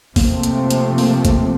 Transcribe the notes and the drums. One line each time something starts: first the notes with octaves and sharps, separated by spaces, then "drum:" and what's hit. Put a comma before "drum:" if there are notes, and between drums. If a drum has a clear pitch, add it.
C3 F3 A3 A#3 C4, drum: kick A1, open hi-hat
drum: hi-hat
drum: hi-hat
A#3, drum: open hi-hat
drum: kick A1, hi-hat